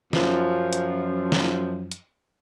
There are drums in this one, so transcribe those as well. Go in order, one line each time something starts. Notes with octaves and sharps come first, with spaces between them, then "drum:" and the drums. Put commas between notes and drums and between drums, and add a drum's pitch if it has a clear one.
F#2 F3, drum: snare
drum: hi-hat
drum: snare
drum: hi-hat